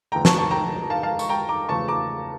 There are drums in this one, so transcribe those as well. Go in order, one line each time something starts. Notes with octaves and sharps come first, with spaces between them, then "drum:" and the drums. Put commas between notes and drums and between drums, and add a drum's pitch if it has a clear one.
E2 D3 F3 A3 G5 A#5
A5 C#6, drum: snare
A5 C#6
G5 A#5
F5 A5
F5 A5
C#6, drum: tambourine
G5 A#5
A#5 D6
E2 C#3 F3 A3 A5 C#6
A#5 D6